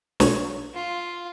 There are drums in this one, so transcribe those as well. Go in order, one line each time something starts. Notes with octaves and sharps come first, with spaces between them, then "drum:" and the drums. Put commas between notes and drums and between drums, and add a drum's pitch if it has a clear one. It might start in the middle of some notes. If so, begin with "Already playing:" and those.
B1 C#5, drum: snare
F4